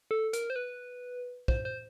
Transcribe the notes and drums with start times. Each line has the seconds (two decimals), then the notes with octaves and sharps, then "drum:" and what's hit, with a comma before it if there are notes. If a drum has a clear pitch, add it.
0.11 A4
0.33 A#4, drum: hi-hat
0.50 C5
0.56 B4
1.48 C5, drum: kick
1.65 C5